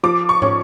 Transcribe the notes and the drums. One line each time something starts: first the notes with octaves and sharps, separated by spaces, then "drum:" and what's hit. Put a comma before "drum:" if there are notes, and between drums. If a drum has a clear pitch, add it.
F3 D6
C#6
C#4, drum: tom